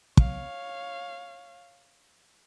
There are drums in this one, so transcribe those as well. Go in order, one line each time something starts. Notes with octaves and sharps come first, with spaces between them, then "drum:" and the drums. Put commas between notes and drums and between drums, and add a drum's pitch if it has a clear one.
C#5 F5, drum: kick